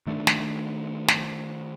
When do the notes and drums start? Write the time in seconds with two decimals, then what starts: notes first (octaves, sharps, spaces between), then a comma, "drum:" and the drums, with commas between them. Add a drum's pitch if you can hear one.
0.07 D#3 A3 D4
0.27 drum: snare
1.08 drum: snare